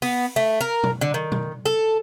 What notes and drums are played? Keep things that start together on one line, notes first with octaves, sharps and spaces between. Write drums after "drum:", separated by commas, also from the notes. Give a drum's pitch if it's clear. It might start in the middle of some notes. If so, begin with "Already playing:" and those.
B3, drum: open hi-hat
A3
A#4
drum: tom B2
D3
D#3
drum: tom B2
A4